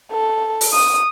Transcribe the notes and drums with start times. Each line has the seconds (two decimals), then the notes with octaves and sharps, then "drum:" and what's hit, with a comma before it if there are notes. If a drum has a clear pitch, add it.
0.12 A4
0.61 drum: open hi-hat
0.73 D#6